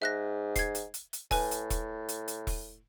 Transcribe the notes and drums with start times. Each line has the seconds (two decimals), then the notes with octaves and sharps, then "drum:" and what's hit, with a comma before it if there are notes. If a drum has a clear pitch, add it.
0.02 G#2 E5 F#6 A#6
0.56 G#6 C7, drum: kick E1, hi-hat
0.75 drum: hi-hat
0.94 drum: hi-hat
1.13 drum: hi-hat
1.31 A2 B4 G#5, drum: kick E1, open hi-hat
1.51 drum: hi-hat
1.70 drum: kick E1, hi-hat
2.09 drum: hi-hat
2.28 drum: hi-hat
2.47 drum: kick E1, open hi-hat